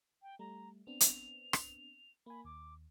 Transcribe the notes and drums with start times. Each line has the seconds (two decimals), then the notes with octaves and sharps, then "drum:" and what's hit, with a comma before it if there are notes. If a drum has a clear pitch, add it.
0.22 G5
0.39 G3 A3 A#5
0.87 B3 C4 D4 F7
1.01 drum: hi-hat
1.53 drum: rim click
2.26 A#3 G#5 B5
2.45 D#2 D6